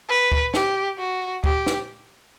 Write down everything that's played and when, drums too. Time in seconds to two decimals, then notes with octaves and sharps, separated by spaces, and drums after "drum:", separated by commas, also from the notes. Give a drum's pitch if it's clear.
0.09 B4
0.32 drum: kick D2
0.54 G4, drum: snare
0.99 F#4
1.44 G4, drum: kick D2
1.66 drum: snare